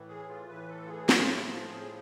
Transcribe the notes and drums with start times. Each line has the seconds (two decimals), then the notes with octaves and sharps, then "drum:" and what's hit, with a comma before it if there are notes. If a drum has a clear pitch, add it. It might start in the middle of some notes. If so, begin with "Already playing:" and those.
Already playing: A2 E3
0.08 G#4
0.29 F4
0.48 A2 E3 B4
0.70 A4
0.86 F4
0.89 G#4
1.09 A2 F3 F4, drum: snare
1.29 E4
1.50 F4
1.70 A2 F3 G#4